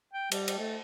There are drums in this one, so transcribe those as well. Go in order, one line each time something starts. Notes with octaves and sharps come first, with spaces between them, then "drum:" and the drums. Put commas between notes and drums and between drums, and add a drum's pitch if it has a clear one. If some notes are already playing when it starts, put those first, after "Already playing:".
G5
G3, drum: cymbal
drum: cymbal
A3